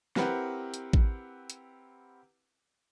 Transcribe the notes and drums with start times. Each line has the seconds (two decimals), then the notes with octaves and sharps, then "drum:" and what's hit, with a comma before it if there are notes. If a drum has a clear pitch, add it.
0.16 C4 E4 G4 A#4 B4 F#5, drum: snare
0.74 drum: hi-hat
0.93 drum: kick A1
1.50 drum: hi-hat